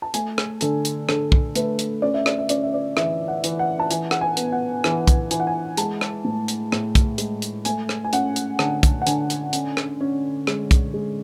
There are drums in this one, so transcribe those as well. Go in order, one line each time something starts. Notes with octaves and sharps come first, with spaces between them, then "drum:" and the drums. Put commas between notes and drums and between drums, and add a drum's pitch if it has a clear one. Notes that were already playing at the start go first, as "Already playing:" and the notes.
A5
A3 G#5, drum: hi-hat
drum: rim click
D3 A4, drum: hi-hat
drum: hi-hat
D3 A4, drum: rim click
drum: kick
A3 B4, drum: hi-hat
drum: hi-hat
C#4 D5
E5
D5, drum: rim click
E5
C#4 D5, drum: hi-hat
E5
D5
E3 E5, drum: rim click
F#5
E3, drum: hi-hat
F#5
A5
E3 G#5, drum: hi-hat
F#5, drum: rim click
G#5
B3, drum: hi-hat
F#5
E3 G#5, drum: rim click
drum: kick, hi-hat
E3 G#5, drum: hi-hat
F#5
G#5
G#3 A5, drum: hi-hat
drum: rim click
A2
drum: hi-hat
A2, drum: rim click
drum: kick, hi-hat
G#3, drum: hi-hat
drum: hi-hat
A3 G#5, drum: hi-hat
drum: rim click
G#5
C#4 F#5, drum: hi-hat
drum: hi-hat
D3 A5, drum: rim click
drum: kick, hi-hat
F#5
D3 G#5, drum: hi-hat
drum: hi-hat
C#4, drum: hi-hat
drum: rim click
C#4
G#3, drum: rim click
drum: kick, hi-hat
G#3